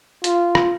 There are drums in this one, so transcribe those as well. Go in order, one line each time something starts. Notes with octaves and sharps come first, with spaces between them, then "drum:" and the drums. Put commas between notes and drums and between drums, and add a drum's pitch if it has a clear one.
F4, drum: hi-hat
drum: rim click